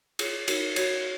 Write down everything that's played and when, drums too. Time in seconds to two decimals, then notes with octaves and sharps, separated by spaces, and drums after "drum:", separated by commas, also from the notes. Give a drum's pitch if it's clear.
0.19 F4 G#4 C#5, drum: cymbal
0.48 D#4 F#4 A#4 C#5, drum: cymbal
0.76 F#4 C#5 G#6, drum: cymbal